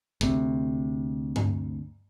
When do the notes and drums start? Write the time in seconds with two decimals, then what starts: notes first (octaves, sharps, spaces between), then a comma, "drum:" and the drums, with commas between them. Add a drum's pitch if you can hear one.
0.21 D2 C3, drum: kick
1.36 drum: tom G2